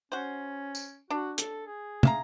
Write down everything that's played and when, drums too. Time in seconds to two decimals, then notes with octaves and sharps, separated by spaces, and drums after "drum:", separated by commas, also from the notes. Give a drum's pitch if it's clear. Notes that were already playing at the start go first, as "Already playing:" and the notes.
0.12 C#4 F#4 C5
0.75 drum: tambourine
1.10 D4 F#4
1.38 A4, drum: hi-hat
1.66 G#4
2.03 E5 F5 A#5, drum: tom